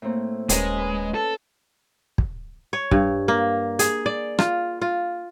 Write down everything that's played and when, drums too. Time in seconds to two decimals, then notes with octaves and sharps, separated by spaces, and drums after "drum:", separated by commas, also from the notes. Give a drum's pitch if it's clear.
0.02 A2 A#3 C4
0.49 D#1 G#3 C#4 A#4 B4, drum: hi-hat
0.77 B4 B5
1.14 A4
2.18 drum: kick
2.73 C#5
2.91 G2, drum: kick
3.28 A#3
3.79 G#4, drum: hi-hat
4.06 D5
4.39 F4, drum: rim click
4.82 F4